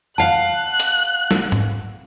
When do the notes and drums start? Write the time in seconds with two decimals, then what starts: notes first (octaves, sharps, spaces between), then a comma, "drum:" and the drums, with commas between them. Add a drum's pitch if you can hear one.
0.18 F5 F#5 A5 F#6
0.80 drum: hi-hat
1.31 drum: snare
1.52 drum: tom